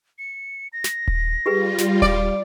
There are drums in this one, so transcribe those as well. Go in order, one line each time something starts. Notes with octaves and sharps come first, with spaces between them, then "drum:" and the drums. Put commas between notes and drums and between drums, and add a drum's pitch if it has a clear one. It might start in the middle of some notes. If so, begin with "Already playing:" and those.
C#7
A#6
drum: snare
drum: kick D#1
G3 F4 G4 G#4 B4
drum: snare
D5, drum: kick D#1